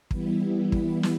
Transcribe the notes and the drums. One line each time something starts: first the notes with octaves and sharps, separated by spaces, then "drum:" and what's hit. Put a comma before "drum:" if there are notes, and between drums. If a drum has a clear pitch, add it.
E3 G3 B3 E4, drum: kick
drum: kick
drum: snare